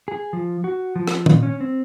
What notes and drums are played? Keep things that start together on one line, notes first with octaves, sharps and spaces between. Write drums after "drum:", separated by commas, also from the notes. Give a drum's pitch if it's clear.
G#4
F3
F#4
F3
drum: rim click
A#2, drum: tom
C#4
C4